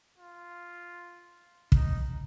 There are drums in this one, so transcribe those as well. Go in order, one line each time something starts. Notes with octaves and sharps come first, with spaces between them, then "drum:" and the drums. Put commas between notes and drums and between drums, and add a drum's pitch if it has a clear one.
F4
D#4, drum: kick